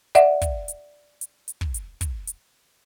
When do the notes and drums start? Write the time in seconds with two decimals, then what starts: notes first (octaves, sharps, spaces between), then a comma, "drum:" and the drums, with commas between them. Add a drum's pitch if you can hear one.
0.15 D5 E5 F#5, drum: hi-hat
0.41 drum: kick, hi-hat
0.68 drum: hi-hat
1.21 drum: hi-hat
1.48 drum: hi-hat
1.61 drum: kick
1.74 drum: hi-hat
2.01 drum: kick, hi-hat
2.27 drum: hi-hat